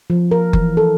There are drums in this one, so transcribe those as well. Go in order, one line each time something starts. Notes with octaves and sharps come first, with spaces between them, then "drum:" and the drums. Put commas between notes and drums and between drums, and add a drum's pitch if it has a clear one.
F3
A#4
E3, drum: kick F#1
A4